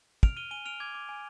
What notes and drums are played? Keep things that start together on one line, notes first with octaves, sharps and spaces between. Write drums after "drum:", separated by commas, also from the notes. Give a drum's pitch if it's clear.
F6 D7 F7, drum: kick
F6 D#7 G7
G#5 D#7 G7
F6 D7 F7
D6 G#6
D6
G#5